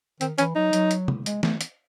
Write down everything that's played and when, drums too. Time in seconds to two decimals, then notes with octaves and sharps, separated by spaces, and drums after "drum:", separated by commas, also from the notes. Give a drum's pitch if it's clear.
0.21 D#3 C4, drum: hi-hat
0.38 E3 C#4, drum: hi-hat
0.56 F#3 D#4
0.73 F#3, drum: hi-hat
0.91 drum: hi-hat
1.08 drum: tom
1.26 G#3, drum: hi-hat
1.43 A3, drum: snare
1.61 drum: hi-hat